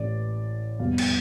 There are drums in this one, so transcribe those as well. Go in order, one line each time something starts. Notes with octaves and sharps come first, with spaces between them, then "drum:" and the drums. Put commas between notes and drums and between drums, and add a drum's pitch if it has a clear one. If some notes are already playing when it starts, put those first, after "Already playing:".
Already playing: A1 A2 E3 D5
F1 E2 B2 G3 F5
drum: cymbal